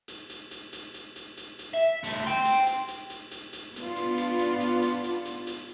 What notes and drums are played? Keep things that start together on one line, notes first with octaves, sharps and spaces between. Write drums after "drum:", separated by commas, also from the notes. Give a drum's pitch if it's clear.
drum: hi-hat
drum: hi-hat
drum: hi-hat
drum: hi-hat
drum: hi-hat
drum: hi-hat
drum: hi-hat
drum: hi-hat
E5
C#2 A3, drum: hi-hat
G5 C6, drum: hi-hat
drum: hi-hat
drum: hi-hat
drum: hi-hat
drum: hi-hat
drum: hi-hat
drum: hi-hat
B3 D4 F4, drum: hi-hat
drum: hi-hat
drum: hi-hat
drum: hi-hat
drum: hi-hat
drum: hi-hat
drum: hi-hat
drum: hi-hat
drum: hi-hat